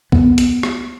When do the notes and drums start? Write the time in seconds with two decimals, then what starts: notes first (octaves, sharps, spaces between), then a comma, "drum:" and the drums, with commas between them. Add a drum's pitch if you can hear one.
0.12 B3, drum: kick B1
0.38 drum: hi-hat
0.63 drum: rim click